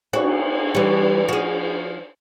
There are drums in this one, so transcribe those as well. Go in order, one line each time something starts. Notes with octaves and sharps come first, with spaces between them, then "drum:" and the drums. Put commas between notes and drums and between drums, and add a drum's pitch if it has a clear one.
F#4, drum: cymbal
E3 G3 C#5
F3 F#4 G#4